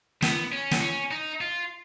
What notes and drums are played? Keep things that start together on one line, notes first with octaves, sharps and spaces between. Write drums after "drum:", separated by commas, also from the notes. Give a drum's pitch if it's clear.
B3, drum: snare
C#4
drum: snare
C#4
D#4
F4